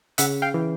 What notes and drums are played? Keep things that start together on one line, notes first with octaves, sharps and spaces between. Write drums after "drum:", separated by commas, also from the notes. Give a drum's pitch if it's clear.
C#3 E5 F#5, drum: hi-hat
F5 G5
E3